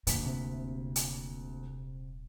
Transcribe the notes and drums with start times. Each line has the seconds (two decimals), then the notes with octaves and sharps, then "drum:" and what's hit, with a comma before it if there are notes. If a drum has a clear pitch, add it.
0.07 D#1 D2 A#3 B6, drum: hi-hat
0.26 C3
0.96 drum: hi-hat